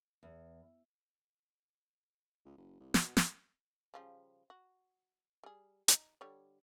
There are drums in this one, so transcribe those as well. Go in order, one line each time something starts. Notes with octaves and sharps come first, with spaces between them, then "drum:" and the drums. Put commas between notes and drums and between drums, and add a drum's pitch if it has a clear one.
E2
C#2
F#1
C2
B2, drum: snare
F2, drum: snare
C#3 F3 G3
F#4
G3 G#4
D#4, drum: hi-hat
D3 G3 C#5